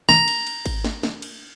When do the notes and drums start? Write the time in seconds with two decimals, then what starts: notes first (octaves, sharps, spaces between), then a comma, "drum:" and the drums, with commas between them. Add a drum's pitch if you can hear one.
0.09 A#5, drum: snare
0.28 drum: cymbal
0.47 drum: cymbal
0.66 drum: kick G#1, cymbal
0.84 drum: snare
1.03 drum: snare
1.22 drum: cymbal